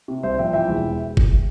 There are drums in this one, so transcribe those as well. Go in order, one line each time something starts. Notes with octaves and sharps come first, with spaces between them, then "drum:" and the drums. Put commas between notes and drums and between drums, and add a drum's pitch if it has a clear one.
C3
C2 C5 E5
F3 E5 G5
E3 E5 G5
E1
drum: kick